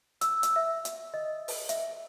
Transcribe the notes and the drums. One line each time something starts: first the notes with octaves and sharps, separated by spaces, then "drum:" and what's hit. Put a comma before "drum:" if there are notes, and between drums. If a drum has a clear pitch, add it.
E6, drum: hi-hat
drum: hi-hat
E5
drum: hi-hat
D#5
drum: open hi-hat
E5, drum: hi-hat